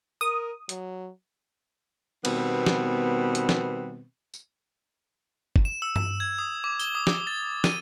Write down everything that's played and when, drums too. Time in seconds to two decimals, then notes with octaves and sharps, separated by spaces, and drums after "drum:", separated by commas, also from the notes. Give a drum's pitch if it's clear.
0.21 A#4 D#6
0.69 F#3, drum: hi-hat
2.25 B2 D#3 G3 B3 C4, drum: cymbal
2.66 drum: snare
3.35 drum: hi-hat
3.49 drum: snare
4.34 drum: tambourine
5.56 drum: kick F#1
5.65 E7
5.82 E6
5.96 E7, drum: tom G2
6.20 G#6
6.38 D#6
6.64 D6
6.80 G7, drum: tambourine
6.95 D#6
7.07 drum: snare
7.27 A6
7.64 D#7, drum: snare